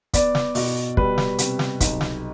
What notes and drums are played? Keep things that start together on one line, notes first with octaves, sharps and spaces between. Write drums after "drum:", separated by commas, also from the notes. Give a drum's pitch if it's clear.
B3 D5, drum: kick, hi-hat
drum: snare
B2, drum: open hi-hat
G3 B4, drum: kick
drum: snare
C3, drum: hi-hat
drum: snare
B1, drum: kick, hi-hat
drum: snare